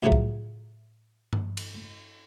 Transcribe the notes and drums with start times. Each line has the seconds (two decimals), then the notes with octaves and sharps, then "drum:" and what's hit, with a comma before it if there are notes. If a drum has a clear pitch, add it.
0.03 D2 A2 C#3 F3 F#3 A3
0.12 drum: kick C2
1.33 drum: tom G2
1.57 drum: cymbal